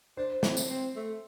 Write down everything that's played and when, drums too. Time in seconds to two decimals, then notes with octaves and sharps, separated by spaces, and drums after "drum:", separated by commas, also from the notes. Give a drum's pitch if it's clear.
0.17 D4 C5
0.43 C4, drum: snare
0.57 drum: tambourine
0.69 C4
0.96 A3